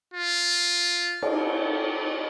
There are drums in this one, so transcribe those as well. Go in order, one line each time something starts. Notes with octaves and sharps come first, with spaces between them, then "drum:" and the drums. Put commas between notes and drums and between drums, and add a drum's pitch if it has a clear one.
F4
drum: cymbal